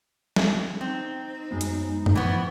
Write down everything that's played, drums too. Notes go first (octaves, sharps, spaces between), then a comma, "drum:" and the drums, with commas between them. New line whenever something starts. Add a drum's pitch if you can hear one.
drum: snare
C4 D#4
F#2 G#3 B3
drum: hi-hat
drum: tom F#2
E3 F3 B3 G5 C#6